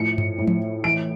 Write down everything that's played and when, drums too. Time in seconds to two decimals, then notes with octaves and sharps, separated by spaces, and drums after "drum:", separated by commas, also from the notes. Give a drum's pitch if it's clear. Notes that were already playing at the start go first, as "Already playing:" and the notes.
Already playing: A2 F3 C#7
0.18 drum: tom G2
0.38 A2
0.47 drum: tom F3
0.84 E3 D7